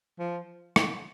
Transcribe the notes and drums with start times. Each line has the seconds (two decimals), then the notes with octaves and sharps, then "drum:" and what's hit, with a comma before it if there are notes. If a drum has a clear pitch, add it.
0.19 F3
0.76 drum: rim click